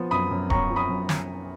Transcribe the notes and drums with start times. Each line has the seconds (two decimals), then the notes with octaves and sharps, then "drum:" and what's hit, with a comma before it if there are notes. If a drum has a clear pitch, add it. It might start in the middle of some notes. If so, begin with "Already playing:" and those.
Already playing: F3 B3
0.11 F#2 B5 D#6
0.31 F#2
0.50 B3 A#5 C#6, drum: kick D1
0.70 F3
0.76 B5 D#6
0.89 F#2
1.09 drum: snare